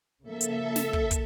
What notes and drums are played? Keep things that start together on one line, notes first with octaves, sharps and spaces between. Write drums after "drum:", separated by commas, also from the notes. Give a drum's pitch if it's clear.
C#3 F3 A#3 A4 E5
drum: hi-hat
drum: snare
drum: kick
drum: kick, hi-hat